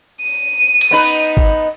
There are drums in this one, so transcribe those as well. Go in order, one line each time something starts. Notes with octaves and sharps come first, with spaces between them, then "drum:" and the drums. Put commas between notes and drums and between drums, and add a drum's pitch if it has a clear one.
D#7
drum: cymbal
B3 D#4 B4
drum: kick G#1